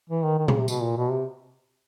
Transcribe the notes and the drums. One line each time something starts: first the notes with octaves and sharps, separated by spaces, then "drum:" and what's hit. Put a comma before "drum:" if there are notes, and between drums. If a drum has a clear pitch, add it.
E3
D#3
D#3
C#3, drum: tom A#2
C3
B2, drum: tambourine
A#2
B2
C3